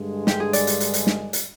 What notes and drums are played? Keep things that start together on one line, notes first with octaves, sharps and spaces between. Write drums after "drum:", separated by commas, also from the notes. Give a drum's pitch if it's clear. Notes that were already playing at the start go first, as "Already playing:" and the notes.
Already playing: G2 D3 G#3
G4, drum: snare
G#4
D5, drum: hi-hat
drum: hi-hat
drum: hi-hat
drum: hi-hat
drum: snare
drum: hi-hat